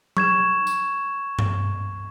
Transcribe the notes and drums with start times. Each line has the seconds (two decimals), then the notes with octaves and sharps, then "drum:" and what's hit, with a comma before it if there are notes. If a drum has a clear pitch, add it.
0.17 C#6 G#6 E7, drum: tom F#3
0.67 drum: tambourine
1.39 drum: tom G2